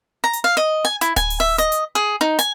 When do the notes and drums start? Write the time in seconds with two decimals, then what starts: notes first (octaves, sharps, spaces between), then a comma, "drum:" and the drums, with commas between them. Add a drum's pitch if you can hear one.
0.24 A#5
0.33 drum: hi-hat
0.44 F5
0.57 D#5
0.85 G#5
1.01 E4, drum: hi-hat
1.16 G#5, drum: kick D1, hi-hat
1.30 drum: open hi-hat
1.40 E5
1.58 D#5, drum: hi-hat
1.72 drum: hi-hat
1.95 G#4
2.21 D#4
2.39 G#5, drum: hi-hat